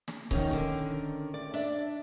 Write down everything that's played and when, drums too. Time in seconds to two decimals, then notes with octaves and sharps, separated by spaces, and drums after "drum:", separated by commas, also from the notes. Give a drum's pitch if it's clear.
0.08 drum: snare
0.31 B2 D#3 C#4 D#4, drum: kick C#1
0.51 D3 A#4
1.34 D5
1.54 D4 D5 E5